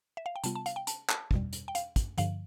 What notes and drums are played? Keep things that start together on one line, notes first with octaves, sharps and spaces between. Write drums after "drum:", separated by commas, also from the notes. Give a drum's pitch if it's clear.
E5
F5
G5
C3 G3 B3 F4 A5, drum: hi-hat
A5
F5, drum: hi-hat
G5
A5, drum: hi-hat
A5, drum: clap
E2 B2 G3, drum: kick
drum: hi-hat
G5
F5, drum: hi-hat
drum: kick, hi-hat
G2 D3 F3 F5, drum: hi-hat